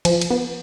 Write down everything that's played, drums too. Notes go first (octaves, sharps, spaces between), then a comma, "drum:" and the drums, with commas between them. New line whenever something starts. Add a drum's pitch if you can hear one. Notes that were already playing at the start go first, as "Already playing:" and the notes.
F3, drum: cymbal
drum: cymbal
B3